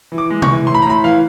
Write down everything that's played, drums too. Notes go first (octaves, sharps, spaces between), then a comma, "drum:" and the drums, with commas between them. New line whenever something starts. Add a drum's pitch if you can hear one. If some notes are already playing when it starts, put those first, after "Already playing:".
E3
D6
G#3
C#6, drum: tom C3
E3
A2 C6
B5
A#5
A2 B5
E3 F5